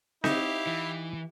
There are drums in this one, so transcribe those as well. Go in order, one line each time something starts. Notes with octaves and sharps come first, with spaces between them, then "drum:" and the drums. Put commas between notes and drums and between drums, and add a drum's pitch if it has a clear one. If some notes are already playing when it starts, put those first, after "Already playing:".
D#4 E4 G4 E5 F5, drum: snare C4
E3